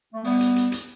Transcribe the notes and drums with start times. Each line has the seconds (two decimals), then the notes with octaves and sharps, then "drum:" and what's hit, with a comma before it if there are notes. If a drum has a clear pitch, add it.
0.13 A3
0.24 G3 B3, drum: open hi-hat
0.40 drum: hi-hat
0.56 drum: hi-hat
0.72 drum: hi-hat